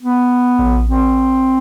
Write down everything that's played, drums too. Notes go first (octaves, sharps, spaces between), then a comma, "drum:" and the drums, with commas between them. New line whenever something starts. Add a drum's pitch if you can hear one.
B3
drum: kick A#1
C4